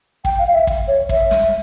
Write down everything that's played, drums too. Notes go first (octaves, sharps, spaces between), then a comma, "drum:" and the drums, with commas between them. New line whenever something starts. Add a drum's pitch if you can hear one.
G5, drum: kick
F5
E5
drum: kick
C#5
E5, drum: kick
drum: snare